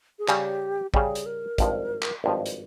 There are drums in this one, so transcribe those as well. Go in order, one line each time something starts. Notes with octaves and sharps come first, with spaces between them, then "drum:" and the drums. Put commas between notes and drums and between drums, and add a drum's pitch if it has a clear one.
G#4
C#3 G3 C#4 G4, drum: clap
C#3 G3 C#4 G#4, drum: kick
drum: hi-hat
A#4
G#1 G2 F3, drum: kick, hi-hat
drum: clap
G#1 G2 F3
drum: hi-hat